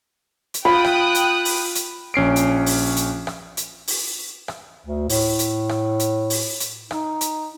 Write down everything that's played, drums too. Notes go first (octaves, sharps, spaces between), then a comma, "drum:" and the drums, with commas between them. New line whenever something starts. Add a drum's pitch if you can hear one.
drum: hi-hat
F4 G5 B5 D#6 F#6
drum: rim click
drum: hi-hat
drum: open hi-hat
drum: hi-hat
A#1 C#4 C7 D7
drum: hi-hat
drum: open hi-hat
drum: hi-hat
drum: rim click
drum: hi-hat
drum: open hi-hat
drum: rim click
D2
A2, drum: open hi-hat
drum: hi-hat
drum: rim click
drum: hi-hat
drum: open hi-hat
drum: hi-hat
D#4, drum: rim click
drum: hi-hat